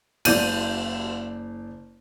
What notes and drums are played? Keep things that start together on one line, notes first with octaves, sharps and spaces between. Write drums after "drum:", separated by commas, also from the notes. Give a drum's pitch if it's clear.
F#1 D5 G6 D#7, drum: cymbal